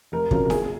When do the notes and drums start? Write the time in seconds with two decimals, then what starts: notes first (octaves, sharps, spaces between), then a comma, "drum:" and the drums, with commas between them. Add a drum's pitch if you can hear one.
0.12 F1 A#4
0.31 F2 C#3 F#3 A#4, drum: kick
0.45 A#4
0.50 A#1 G#4, drum: snare E4